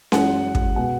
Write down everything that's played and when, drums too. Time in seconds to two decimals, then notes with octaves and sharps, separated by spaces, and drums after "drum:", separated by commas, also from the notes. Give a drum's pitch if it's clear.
0.12 F#2 E3 G#3 F#5, drum: snare C#4
0.55 drum: kick
0.76 B2 G#3 B3 F#5